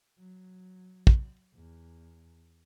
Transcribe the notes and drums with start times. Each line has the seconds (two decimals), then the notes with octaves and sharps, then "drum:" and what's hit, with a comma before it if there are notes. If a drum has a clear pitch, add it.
0.19 F#3
1.07 drum: kick
1.55 E2